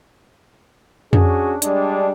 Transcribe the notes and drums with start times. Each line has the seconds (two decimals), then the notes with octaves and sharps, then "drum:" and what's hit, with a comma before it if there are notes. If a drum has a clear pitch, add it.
1.13 C#4 D4 F#4 G#4, drum: tom F2
1.62 G3 G#3 D4, drum: hi-hat